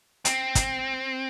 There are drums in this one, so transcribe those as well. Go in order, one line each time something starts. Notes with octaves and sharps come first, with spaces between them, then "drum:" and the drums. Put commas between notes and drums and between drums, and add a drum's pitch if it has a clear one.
C4, drum: hi-hat
drum: kick, hi-hat